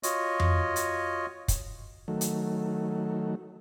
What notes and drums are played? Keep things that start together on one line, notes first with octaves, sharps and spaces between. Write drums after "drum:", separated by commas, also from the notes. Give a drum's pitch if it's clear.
F4 F#4 C#5 D#5, drum: hi-hat
drum: tom F2
drum: hi-hat
drum: kick, hi-hat
D#3 F#3 A3
drum: hi-hat